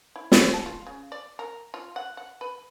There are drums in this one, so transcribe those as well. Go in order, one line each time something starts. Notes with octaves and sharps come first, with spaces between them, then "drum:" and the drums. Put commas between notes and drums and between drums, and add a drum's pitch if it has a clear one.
E4
C4, drum: snare
A5
F4
C#3
D5
A#4
F4
F#5
F#5
B4